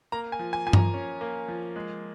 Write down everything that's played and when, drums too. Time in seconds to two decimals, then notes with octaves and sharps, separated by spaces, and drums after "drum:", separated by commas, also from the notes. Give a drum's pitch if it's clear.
0.12 A#3 A#5
0.32 G#5
0.39 F3
0.53 G#5
0.67 F3 G#5
0.73 A#5, drum: tom G2
0.94 C#4
1.21 A#3
1.48 F3
1.76 G#3